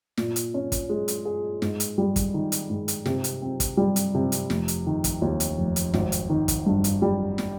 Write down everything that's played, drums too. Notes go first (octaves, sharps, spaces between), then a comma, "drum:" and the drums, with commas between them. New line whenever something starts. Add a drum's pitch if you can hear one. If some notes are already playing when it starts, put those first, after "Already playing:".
A#2, drum: snare
drum: hi-hat
C#4
drum: kick, hi-hat
G#3
drum: hi-hat
G#4
G#2, drum: snare
drum: hi-hat
G3
drum: kick, hi-hat
D#3
drum: hi-hat
G#2
drum: hi-hat
C3, drum: snare
drum: hi-hat
C4
drum: kick, hi-hat
G3
drum: hi-hat
C3
drum: hi-hat
F1, drum: snare
drum: hi-hat
D#3
drum: kick, hi-hat
D#2
drum: hi-hat
F1
drum: hi-hat
G#1, drum: snare
drum: hi-hat
D#3
drum: kick, hi-hat
G2
drum: hi-hat
G3
drum: snare